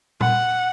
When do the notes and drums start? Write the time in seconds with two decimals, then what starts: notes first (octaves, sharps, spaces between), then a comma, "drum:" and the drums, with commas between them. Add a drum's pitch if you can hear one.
0.21 F#5, drum: tom A#2